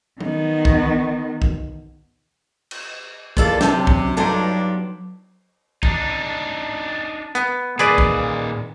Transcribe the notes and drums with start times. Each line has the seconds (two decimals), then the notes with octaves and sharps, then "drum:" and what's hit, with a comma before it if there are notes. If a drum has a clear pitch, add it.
0.20 D#3 B3, drum: tom F#3
0.65 drum: kick A#1
1.42 drum: kick A#1
2.71 drum: cymbal
3.37 E2 A#3 F4 A4 D5 A5, drum: kick A#1
3.61 C3 F#3 D4 G5 A5, drum: snare
3.87 drum: kick A#1
4.17 G2 B3 D4 D#4 F4 A4 A#5
5.83 D4 D#4, drum: kick A#1
7.35 B3, drum: hi-hat
7.79 A#2 D#3 G#4 B4 D5, drum: hi-hat
7.98 drum: kick A#1